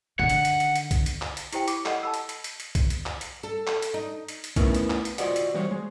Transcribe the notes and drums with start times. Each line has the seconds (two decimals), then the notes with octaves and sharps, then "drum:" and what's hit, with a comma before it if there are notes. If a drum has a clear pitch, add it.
0.19 D3 D#3 F#5
0.30 drum: hi-hat
0.45 drum: hi-hat
0.60 drum: hi-hat
0.76 drum: hi-hat
0.91 drum: kick B1, hi-hat
1.06 drum: hi-hat
1.22 drum: clap
1.37 drum: hi-hat
1.53 E4 G4 C5 G5, drum: hi-hat
1.68 B5 D6, drum: hi-hat
1.85 A4 D#5 F#5, drum: clap
2.03 A5 B5 E6
2.14 drum: hi-hat
2.29 drum: hi-hat
2.44 drum: hi-hat
2.60 drum: hi-hat
2.75 drum: kick B1, hi-hat
2.90 drum: hi-hat
3.06 drum: clap
3.21 drum: hi-hat
3.43 A4
3.67 drum: clap
3.82 drum: hi-hat
3.94 D#4
4.28 drum: hi-hat
4.44 drum: hi-hat
4.56 A3 B3 C#4 D#4 E4 A#4, drum: kick B1, hi-hat
4.75 drum: hi-hat
4.90 drum: clap
5.05 drum: hi-hat
5.18 F4 F#4 C5 D5 D#5 F#5, drum: hi-hat
5.36 drum: hi-hat
5.54 E3 G3 F#4 C5 C#5
5.71 G#3